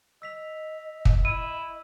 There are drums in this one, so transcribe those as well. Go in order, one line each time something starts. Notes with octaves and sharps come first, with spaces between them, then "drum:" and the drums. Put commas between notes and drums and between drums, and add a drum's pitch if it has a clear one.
D#5 E6 B6 F7
drum: kick
E4 E6 D#7